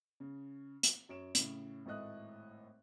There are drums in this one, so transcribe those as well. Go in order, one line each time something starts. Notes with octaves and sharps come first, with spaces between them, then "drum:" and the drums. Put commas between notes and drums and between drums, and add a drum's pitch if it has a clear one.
C#3
drum: hi-hat
F#2 C#5 D7 E7
A2 C#3, drum: hi-hat
G#1 A2 A3 D#5 F#6